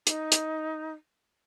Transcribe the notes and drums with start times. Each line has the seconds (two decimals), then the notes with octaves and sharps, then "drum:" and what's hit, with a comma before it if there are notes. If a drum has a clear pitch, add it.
0.07 D#4, drum: hi-hat
0.32 drum: hi-hat